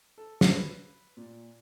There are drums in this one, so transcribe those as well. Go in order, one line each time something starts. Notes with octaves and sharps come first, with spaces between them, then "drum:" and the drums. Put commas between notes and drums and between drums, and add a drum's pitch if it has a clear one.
A4
drum: snare
B4
A#2